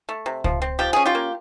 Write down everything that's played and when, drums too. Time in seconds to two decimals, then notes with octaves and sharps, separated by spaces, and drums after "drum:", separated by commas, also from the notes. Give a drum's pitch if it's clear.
0.09 A3
0.26 C3
0.44 F3, drum: kick C#2
0.62 C4
0.79 F3 G4
0.93 C#4 G#4
1.06 F4 G4
1.15 A#3